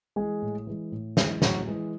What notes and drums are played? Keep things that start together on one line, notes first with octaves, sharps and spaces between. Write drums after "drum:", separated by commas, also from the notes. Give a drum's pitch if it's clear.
E3 G#3 G#4
A2
E3 G#3
A2
E3 G#3, drum: snare
A2 F#3 F#4, drum: snare
E3 G#3